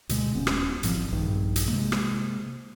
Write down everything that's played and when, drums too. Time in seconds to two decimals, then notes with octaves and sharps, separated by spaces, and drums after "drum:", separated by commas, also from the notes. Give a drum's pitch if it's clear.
0.09 D2 B2 G#3, drum: hi-hat
0.34 D#1 B3 C#4
0.47 drum: rim click
0.83 A1 A2 F3 C4, drum: hi-hat
1.12 A#1 G2 D#3
1.56 drum: hi-hat
1.68 C3 G#3 A#3
1.92 drum: rim click